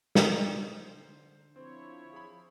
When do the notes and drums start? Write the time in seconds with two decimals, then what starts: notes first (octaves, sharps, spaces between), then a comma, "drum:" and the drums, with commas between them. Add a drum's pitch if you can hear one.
0.15 drum: snare
0.80 D3 C5
1.56 F3 C4 E4 C#5
2.13 G#4 B5